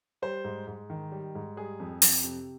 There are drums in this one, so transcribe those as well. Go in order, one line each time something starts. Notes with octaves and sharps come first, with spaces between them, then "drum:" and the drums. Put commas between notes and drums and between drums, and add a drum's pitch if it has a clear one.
G3 C5
G#2
G#2
D#3
G3
G#2
G3 G#4
F2
F2, drum: open hi-hat
C3